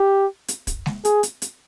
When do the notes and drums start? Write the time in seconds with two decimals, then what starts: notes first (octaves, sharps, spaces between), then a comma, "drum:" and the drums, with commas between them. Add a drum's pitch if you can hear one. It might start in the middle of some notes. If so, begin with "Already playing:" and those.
Already playing: G4
0.48 drum: hi-hat
0.67 drum: kick, hi-hat
0.86 drum: snare G#3
1.05 G#4, drum: hi-hat
1.23 drum: hi-hat
1.42 drum: hi-hat